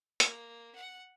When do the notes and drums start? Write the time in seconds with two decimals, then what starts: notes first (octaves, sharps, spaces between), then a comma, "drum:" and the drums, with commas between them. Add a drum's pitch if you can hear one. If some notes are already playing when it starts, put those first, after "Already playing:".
0.20 A#3, drum: hi-hat
0.75 F#5